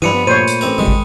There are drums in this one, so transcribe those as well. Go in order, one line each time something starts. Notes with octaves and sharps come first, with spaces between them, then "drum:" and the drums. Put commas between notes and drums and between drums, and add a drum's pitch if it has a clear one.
G2 E3 F3 G3 B5 C#7 D#7
B3
A#2 A3 C5 C#5 D#7
drum: hi-hat
A1 C4 A#4
F#1 F2 D#3 G3 G#3
drum: kick